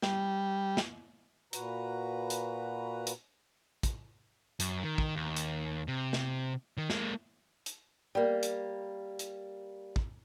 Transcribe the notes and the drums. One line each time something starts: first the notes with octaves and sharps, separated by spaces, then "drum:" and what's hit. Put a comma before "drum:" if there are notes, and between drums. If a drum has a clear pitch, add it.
G3, drum: snare
drum: snare
A#2 F#4 B4 A#5, drum: hi-hat
drum: hi-hat
drum: hi-hat
drum: kick, hi-hat
F#2, drum: hi-hat
D#3
drum: kick
D#2
drum: hi-hat
C3
drum: snare
D#3
G#3 A#3, drum: snare
drum: hi-hat
G3 A#3
drum: hi-hat
drum: hi-hat
drum: kick